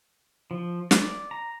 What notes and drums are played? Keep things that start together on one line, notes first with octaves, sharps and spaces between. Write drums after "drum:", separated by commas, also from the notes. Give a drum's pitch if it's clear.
F3
D5, drum: snare
A#5